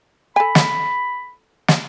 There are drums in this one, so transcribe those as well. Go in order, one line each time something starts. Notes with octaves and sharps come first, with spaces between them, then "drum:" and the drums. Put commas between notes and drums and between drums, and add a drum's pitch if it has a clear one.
A4 G#5 B5
drum: snare
drum: snare